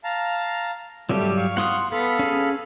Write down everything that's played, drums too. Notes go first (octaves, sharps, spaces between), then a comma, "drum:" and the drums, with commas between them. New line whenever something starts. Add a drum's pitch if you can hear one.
F5 A5 A#5
F#3 G3 A3 G4, drum: tom
F5 C#6
F#5 C6 D#6, drum: snare
B3 A4 F5 B5
C#4 G#4